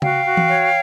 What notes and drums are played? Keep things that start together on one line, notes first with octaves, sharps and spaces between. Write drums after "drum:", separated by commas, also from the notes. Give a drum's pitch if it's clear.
F#4 F5 G5, drum: tom C#3
F#4
drum: tom E3
C#5